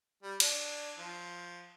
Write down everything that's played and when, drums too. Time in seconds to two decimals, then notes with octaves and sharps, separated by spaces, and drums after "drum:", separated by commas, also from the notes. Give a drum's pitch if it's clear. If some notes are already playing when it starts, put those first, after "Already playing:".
0.23 G3
0.40 D4, drum: cymbal
0.98 F3